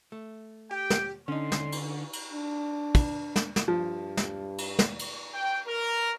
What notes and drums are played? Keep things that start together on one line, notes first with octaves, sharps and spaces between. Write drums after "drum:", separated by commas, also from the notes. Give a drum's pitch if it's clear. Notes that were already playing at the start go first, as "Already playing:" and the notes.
A3
G4 G5
drum: snare
D3 C#4 D#4 C6
drum: snare
drum: cymbal
drum: cymbal
D4
drum: kick, cymbal
drum: snare
drum: snare
G2 F3
drum: snare
drum: cymbal
drum: snare
drum: cymbal
G5
A#4